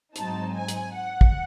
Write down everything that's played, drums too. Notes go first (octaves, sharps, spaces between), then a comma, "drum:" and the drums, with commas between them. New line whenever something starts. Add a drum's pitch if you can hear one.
G#2 F#3 C4 D#4 A5, drum: hi-hat
G#5
drum: hi-hat
F#5
drum: kick